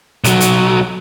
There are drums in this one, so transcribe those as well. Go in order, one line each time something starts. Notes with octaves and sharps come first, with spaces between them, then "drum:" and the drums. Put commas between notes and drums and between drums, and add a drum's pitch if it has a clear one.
B1 F#3, drum: hi-hat
drum: hi-hat